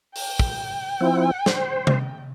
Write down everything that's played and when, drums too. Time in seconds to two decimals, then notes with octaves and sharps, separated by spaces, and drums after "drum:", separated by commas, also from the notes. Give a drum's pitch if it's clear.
0.16 G5, drum: open hi-hat
0.39 drum: kick
1.01 F3 C4 E4
1.46 C5, drum: snare
1.87 drum: tom C3